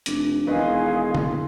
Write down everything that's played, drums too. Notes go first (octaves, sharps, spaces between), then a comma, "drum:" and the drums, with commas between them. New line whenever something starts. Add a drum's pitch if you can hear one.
F1 D4, drum: hi-hat
E1 D#3 E4 G#4 B4 D#5 F5 C6
drum: tom C#3